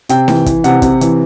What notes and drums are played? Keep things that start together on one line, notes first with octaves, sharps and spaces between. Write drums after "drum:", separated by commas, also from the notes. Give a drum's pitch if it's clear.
C3 G5, drum: hi-hat
E3, drum: snare D#4
E3, drum: kick, hi-hat
C3 F#5, drum: hi-hat
C3, drum: kick, hi-hat
E3, drum: hi-hat